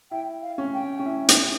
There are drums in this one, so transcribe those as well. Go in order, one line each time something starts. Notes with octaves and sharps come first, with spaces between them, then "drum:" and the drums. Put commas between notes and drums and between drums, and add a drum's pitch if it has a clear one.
E4 G5
F5
C#4
G5
C#4
E4
drum: hi-hat